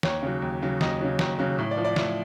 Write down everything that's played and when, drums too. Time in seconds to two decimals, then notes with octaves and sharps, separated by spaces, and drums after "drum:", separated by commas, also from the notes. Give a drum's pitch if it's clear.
0.03 D#2 C#5, drum: snare
0.23 C#3 F#3
0.42 D#2
0.62 C#3 F#3
0.81 D#2 D#5, drum: snare
1.01 C#3 F#3
1.19 D#2, drum: snare
1.39 C#3 F#3
1.59 A2
1.71 D5
1.77 F3
1.85 D5
1.96 A2, drum: snare